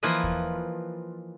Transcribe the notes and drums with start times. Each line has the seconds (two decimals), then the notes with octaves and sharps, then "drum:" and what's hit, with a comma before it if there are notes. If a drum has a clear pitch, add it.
0.03 E3 F3 A#3 F4 B4 D#5
0.23 drum: kick